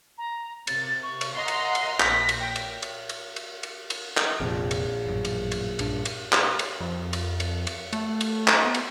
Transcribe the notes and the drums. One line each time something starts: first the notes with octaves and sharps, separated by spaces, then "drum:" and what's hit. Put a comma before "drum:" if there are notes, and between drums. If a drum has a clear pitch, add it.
A#5
C3 A6, drum: cymbal
C#6
drum: cymbal
D#5 F#5 A#5 C6
drum: cymbal
drum: cymbal
A#1 A#6 B6, drum: clap
drum: cymbal
G5
drum: cymbal
drum: cymbal
drum: cymbal
drum: cymbal
drum: cymbal
drum: cymbal
drum: clap
F1 A#1 F2 C3
drum: cymbal
A1 F#2
drum: cymbal
drum: cymbal
A#1 G2 D4, drum: cymbal
drum: cymbal
drum: clap
drum: cymbal
F2
drum: cymbal
drum: cymbal
drum: cymbal
A3, drum: cymbal
drum: cymbal
drum: clap
B3
drum: cymbal